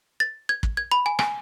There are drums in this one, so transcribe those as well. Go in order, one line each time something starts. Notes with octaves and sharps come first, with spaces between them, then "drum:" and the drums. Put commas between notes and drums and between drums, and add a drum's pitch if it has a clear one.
A6
G#6
drum: kick
G#6
B5
G#5
G#5, drum: rim click